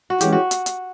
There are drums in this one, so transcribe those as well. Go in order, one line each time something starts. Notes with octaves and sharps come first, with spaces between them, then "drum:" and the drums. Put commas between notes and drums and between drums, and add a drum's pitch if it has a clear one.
F#4
E3 G#3 C#4 G4, drum: hi-hat
F#4
drum: hi-hat
drum: hi-hat